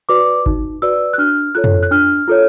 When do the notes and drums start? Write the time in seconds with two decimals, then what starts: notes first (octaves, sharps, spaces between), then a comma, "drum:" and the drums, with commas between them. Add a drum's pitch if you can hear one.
0.09 F#4 B4 D5 D6
0.46 D#4, drum: kick G1
0.82 F#4 B4 D5 E6
1.13 F#6
1.18 D4 F6
1.55 F4 A4 C#5 F#6
1.64 drum: tom
1.83 F#6
1.91 D4 F6
2.28 F4 A4 C#5